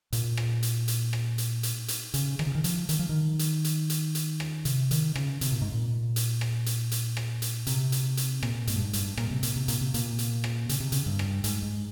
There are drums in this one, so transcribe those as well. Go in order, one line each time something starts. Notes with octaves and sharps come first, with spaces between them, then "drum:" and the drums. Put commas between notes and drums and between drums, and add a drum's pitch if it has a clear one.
A#2, drum: hi-hat
drum: rim click
drum: hi-hat
drum: hi-hat
drum: rim click
drum: hi-hat
drum: hi-hat
drum: hi-hat
C#3, drum: hi-hat
D#3, drum: rim click
C#3
D#3
F3, drum: hi-hat
D#3, drum: hi-hat
F3
D#3
drum: hi-hat
drum: hi-hat
drum: hi-hat
drum: hi-hat
drum: rim click
C3, drum: hi-hat
D#3, drum: hi-hat
C#3, drum: rim click
C3, drum: hi-hat
A#2
G#2
A#2
drum: hi-hat
drum: rim click
drum: hi-hat
drum: hi-hat
drum: rim click
drum: hi-hat
C3, drum: hi-hat
drum: hi-hat
drum: hi-hat
A#2, drum: rim click
G#2, drum: hi-hat
G2
G#2
G2, drum: hi-hat
A#2, drum: rim click
C3
A#2, drum: hi-hat
C3
A#2, drum: hi-hat
C3
A#2, drum: hi-hat
drum: hi-hat
drum: rim click
C#3, drum: hi-hat
C3
C#3, drum: hi-hat
G2
drum: rim click
G#2, drum: hi-hat
G#2